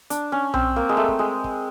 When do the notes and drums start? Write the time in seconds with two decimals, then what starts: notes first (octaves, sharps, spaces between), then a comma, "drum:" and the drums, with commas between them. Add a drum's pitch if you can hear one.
0.10 D4, drum: hi-hat
0.32 C#4
0.54 C4, drum: tom B1
0.76 A#3
0.89 G#3
0.97 A3
1.08 drum: kick
1.19 G#3
1.44 drum: kick